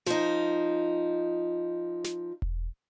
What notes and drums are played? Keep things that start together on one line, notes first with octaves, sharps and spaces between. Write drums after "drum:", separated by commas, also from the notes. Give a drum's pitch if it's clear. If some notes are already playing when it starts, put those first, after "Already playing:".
F3 D#4, drum: snare
drum: snare
drum: kick E1